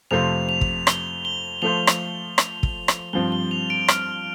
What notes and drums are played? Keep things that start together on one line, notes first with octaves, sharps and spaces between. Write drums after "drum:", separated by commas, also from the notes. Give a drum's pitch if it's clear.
F2 C3 A3 F4 C5 F7
F7
drum: kick
G7, drum: rim click
G7
F3 A3 F4 C5 F7
drum: rim click
drum: rim click
drum: kick
drum: rim click
G2 F3 C4 G7
G7
F7
D7
F6, drum: rim click